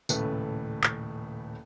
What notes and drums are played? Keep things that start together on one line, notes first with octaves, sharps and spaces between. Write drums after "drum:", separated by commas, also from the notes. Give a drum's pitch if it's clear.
D#1 A2 C#3 A3 B4, drum: tambourine
drum: clap